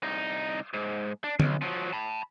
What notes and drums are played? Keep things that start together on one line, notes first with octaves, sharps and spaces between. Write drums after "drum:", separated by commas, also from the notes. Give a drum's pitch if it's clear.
C2 D#4
G#2
D4
B1, drum: tom D3
F3 F#3
A5 B5